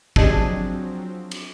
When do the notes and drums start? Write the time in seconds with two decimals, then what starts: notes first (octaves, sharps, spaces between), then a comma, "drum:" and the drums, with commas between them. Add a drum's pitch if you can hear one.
0.16 F3 F#3 C4 D4 G4 G#4 D#5 A5, drum: kick
1.31 drum: cymbal